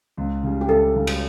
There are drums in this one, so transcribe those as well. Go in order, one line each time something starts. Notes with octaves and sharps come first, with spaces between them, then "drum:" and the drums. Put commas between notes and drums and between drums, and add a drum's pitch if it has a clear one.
C#2
C#3 G3
G4
C#2 A4
C#3 G3
drum: cymbal